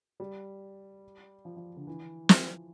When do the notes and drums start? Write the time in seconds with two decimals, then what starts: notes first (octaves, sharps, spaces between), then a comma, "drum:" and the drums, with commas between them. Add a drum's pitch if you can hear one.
0.20 G3
1.45 F3
1.57 F3
1.76 D3
1.87 E3
2.29 F3, drum: snare